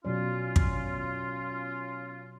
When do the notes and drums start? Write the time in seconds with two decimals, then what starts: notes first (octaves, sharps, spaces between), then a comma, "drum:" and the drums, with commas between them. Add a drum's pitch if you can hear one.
0.05 B2 F#3 C#4 F4 D5
0.56 drum: kick